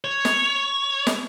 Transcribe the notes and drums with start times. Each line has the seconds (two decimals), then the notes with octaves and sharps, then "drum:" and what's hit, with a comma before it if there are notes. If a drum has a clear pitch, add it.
0.04 C#5
0.25 drum: snare
1.07 drum: snare